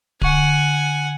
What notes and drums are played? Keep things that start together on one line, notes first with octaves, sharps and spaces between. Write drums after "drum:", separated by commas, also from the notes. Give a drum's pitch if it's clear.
D3 F#5 G#5 C#6, drum: kick D1